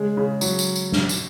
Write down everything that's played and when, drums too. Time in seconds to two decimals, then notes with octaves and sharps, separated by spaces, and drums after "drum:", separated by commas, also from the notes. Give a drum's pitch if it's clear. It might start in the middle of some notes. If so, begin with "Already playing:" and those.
Already playing: C#3 G#3
0.17 C#3
0.41 F#3, drum: tambourine
0.59 drum: tambourine
0.76 drum: tambourine
0.92 drum: snare
1.09 drum: tambourine